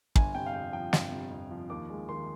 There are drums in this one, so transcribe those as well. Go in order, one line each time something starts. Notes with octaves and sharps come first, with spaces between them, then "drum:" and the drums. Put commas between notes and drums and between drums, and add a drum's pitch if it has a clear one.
G1 G#5, drum: kick
C3 G5
F5
F2 G5
F3 G5
G1, drum: snare
C3
F2
F3
D#2 D6
G#3
D#3 C6